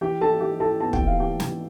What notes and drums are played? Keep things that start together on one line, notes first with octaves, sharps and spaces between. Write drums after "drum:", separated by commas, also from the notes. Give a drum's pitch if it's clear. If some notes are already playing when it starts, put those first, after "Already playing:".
E3 G4 G5
E3 A4 A5
E3 G4 G5
E4 A4 A5
B3 A5
G5, drum: kick
E3
F5
E3 G4 G5
E3, drum: snare